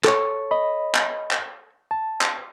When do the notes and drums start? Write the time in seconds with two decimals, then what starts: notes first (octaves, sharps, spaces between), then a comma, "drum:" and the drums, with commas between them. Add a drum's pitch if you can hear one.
0.04 A4 C#5, drum: clap
0.51 D#5 B5
0.95 drum: clap
1.31 drum: clap
1.91 A5
2.21 drum: clap